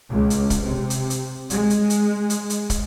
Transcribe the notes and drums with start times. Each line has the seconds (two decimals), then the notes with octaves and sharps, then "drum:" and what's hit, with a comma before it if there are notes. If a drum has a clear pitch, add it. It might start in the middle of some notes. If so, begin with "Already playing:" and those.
0.10 C#2
0.30 drum: hi-hat
0.50 drum: kick, hi-hat
0.63 C3
0.90 drum: hi-hat
1.10 drum: hi-hat
1.50 G#3, drum: hi-hat
1.70 drum: hi-hat
1.90 drum: hi-hat
2.30 drum: hi-hat
2.50 drum: hi-hat
2.70 drum: kick, hi-hat